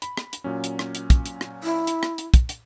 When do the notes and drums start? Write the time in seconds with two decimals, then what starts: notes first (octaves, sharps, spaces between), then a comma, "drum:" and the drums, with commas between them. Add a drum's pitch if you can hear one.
0.02 B5, drum: hi-hat
0.17 drum: rim click
0.33 drum: hi-hat
0.44 A#2 F#3 C#4
0.64 drum: hi-hat
0.79 drum: rim click
0.95 drum: hi-hat
1.10 drum: kick, hi-hat
1.26 drum: hi-hat
1.41 drum: rim click
1.63 E4
1.87 drum: hi-hat
2.03 drum: rim click
2.18 drum: hi-hat
2.34 drum: kick, hi-hat
2.49 drum: hi-hat